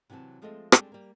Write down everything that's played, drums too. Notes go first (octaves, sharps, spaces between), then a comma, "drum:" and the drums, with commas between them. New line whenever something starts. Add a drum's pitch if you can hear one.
C3 E3 F#3 C4 A5
F3 G#3 A3 C4 A4 D#5
G3 G#3 C4 D4 A4, drum: rim click
G3 A#3